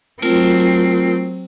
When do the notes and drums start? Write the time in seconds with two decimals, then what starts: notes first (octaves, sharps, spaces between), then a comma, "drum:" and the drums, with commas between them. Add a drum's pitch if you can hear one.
0.22 F#3 A3 C4 F4 A#4, drum: cymbal
0.60 drum: hi-hat